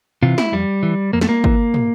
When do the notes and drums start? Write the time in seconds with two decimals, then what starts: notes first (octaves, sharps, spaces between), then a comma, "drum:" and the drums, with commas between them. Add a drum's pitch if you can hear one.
0.23 C3 E3 F4
0.38 E4, drum: snare
0.52 F2 G3
0.83 E3
1.13 F2 A#3
1.21 A3, drum: snare
1.29 A#3
1.44 E3, drum: kick
1.74 drum: tom